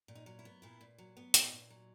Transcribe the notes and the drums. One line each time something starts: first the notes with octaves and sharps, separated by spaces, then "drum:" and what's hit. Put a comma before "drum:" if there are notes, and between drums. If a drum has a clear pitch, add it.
A#2
D#4
F#3
E4
B3
A#2 E4
A#2
F#3
B3
A#2 D#4, drum: hi-hat
A#2
F#3